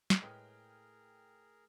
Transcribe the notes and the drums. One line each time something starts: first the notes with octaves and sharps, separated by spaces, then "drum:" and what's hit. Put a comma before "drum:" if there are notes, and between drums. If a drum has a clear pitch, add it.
drum: snare
A2 G#3 G#4 A#4 B4 G5 F6